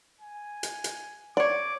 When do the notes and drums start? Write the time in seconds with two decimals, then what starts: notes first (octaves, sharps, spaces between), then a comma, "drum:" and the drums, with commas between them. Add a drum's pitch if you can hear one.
0.21 G#5
0.63 drum: hi-hat
0.84 drum: hi-hat
1.37 C#5 D5 D6